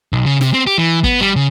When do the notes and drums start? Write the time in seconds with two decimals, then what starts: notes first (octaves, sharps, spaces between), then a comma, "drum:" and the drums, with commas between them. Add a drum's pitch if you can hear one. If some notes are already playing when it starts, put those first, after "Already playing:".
0.13 B1
0.26 C#3
0.41 C3, drum: snare
0.54 C4
0.67 G4
0.78 E3
1.03 B3, drum: kick
1.21 G3
1.36 C#3